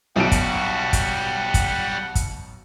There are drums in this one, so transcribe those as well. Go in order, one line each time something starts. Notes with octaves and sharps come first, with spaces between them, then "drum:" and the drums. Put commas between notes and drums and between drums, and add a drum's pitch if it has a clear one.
B1 B2 G3 F#4 F#5 D7
drum: kick, hi-hat
drum: kick, hi-hat
drum: kick, hi-hat
drum: kick, hi-hat